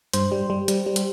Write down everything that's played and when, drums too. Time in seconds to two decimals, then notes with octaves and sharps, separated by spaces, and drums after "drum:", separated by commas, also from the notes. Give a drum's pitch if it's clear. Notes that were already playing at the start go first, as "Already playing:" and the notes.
0.13 G2 C5, drum: hi-hat
0.32 G3
0.50 G3
0.68 G3, drum: hi-hat
0.86 G3
0.96 drum: hi-hat